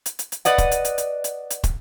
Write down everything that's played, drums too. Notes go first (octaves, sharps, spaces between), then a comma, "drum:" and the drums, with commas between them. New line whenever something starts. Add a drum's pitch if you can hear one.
drum: hi-hat
drum: hi-hat
drum: hi-hat
B4 D5 D#5 F#5, drum: hi-hat
drum: kick, hi-hat
drum: hi-hat
drum: hi-hat
drum: hi-hat
drum: hi-hat
drum: hi-hat
drum: kick, hi-hat